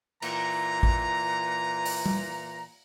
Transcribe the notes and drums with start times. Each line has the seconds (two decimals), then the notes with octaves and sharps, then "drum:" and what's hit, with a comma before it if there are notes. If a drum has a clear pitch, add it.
0.22 A#2 E3 A#5, drum: cymbal
0.83 drum: kick A1
1.85 drum: open hi-hat
2.06 drum: tom G3